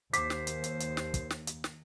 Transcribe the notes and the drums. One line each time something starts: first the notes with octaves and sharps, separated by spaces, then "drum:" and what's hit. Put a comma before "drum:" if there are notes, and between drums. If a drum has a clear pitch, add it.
D#2 C5 D6 B6, drum: hi-hat
drum: snare
drum: hi-hat
drum: hi-hat
drum: hi-hat
drum: snare
drum: kick, hi-hat
drum: snare
drum: hi-hat
drum: snare